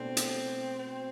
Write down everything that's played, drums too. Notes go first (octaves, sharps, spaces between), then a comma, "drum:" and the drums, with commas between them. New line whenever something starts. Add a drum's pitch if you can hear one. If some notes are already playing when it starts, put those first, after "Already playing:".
Already playing: B2 A3 C4 D4
drum: hi-hat
C4